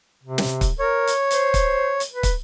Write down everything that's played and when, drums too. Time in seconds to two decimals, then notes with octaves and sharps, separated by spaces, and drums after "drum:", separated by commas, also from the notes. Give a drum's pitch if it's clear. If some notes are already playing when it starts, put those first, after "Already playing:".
0.23 C3
0.38 drum: snare
0.61 drum: kick, hi-hat
0.79 A#4 C#5
1.07 drum: hi-hat
1.31 C5, drum: hi-hat
1.54 drum: kick, hi-hat
2.00 drum: hi-hat
2.12 B4
2.23 drum: kick, hi-hat